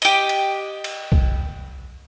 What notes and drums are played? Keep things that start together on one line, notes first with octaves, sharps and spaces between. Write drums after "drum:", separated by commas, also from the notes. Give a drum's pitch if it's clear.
G4 D#5
drum: cymbal
drum: cymbal
drum: kick B1